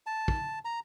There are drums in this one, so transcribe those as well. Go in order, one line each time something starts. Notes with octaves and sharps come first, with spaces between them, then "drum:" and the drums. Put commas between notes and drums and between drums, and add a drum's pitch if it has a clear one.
A5
drum: kick
A#5